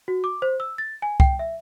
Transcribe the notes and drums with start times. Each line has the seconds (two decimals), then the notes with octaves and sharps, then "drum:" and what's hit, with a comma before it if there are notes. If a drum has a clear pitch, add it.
0.08 F#4
0.24 D6
0.42 C5
0.60 E6
0.78 A6
1.02 G#5
1.20 G5, drum: kick C2
1.39 E5